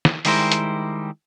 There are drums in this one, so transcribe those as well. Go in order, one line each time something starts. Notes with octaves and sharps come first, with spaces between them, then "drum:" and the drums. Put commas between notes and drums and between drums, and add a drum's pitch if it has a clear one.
drum: snare
D#3 G3 G#3 E4 A#4 C5, drum: open hi-hat
drum: hi-hat